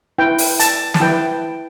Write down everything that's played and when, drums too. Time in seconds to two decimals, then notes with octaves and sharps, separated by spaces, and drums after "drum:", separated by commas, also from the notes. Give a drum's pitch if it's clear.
0.18 E4 B4 G5
0.38 drum: open hi-hat
0.60 A5, drum: hi-hat
0.94 A5, drum: snare
1.00 E4 B4 G5